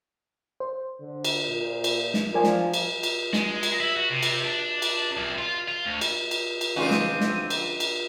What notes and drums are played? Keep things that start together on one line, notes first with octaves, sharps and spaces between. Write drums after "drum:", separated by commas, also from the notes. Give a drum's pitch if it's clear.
C5
D3
drum: cymbal
A#2
drum: cymbal
drum: snare
F3 A#4 D5 G#5
drum: snare
drum: cymbal
drum: cymbal
G#3, drum: snare
drum: cymbal
E4
F#4
C3
drum: cymbal
D4
drum: cymbal
C2
F4
F4
D2
drum: cymbal
drum: cymbal
drum: cymbal
C#3 E3 C4 D4 D#4 F4 F#4 D#7
drum: snare
drum: snare
drum: cymbal
drum: cymbal